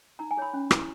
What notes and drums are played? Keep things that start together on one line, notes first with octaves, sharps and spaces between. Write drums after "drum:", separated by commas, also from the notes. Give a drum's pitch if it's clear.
D#4 A#5
G#5
G#4 C#5 B5
C#4
E4 G#4, drum: rim click